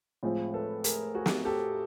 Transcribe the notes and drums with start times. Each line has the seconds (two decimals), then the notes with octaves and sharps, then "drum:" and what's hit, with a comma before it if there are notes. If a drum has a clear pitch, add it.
0.23 A2 F3 G#3 C4 F4
0.54 A4 B4
0.84 G#4 A#4, drum: hi-hat
1.15 F#4 G#4
1.26 drum: snare
1.45 G4 A4